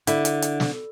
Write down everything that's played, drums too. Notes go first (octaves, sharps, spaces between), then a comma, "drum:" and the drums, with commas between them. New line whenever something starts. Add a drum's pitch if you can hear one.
D3 E4, drum: hi-hat
drum: hi-hat
drum: hi-hat
drum: snare